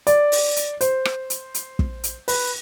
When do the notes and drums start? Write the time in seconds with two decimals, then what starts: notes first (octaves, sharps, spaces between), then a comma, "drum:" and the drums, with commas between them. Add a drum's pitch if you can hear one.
0.07 D5, drum: hi-hat
0.32 drum: open hi-hat
0.56 drum: hi-hat
0.81 C5, drum: hi-hat
1.05 drum: rim click
1.30 drum: hi-hat
1.54 drum: hi-hat
1.79 drum: kick
2.04 drum: hi-hat
2.28 B4, drum: open hi-hat